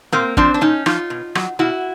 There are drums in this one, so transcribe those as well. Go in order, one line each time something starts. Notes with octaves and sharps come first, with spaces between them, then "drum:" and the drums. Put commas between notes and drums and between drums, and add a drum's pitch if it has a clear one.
A#2 A#3 C4
F3 C4 D4, drum: kick
D4
A#2 C#4 D#4
F3 D#4 F4, drum: rim click
B2
F#3, drum: rim click
B2 E4 F#4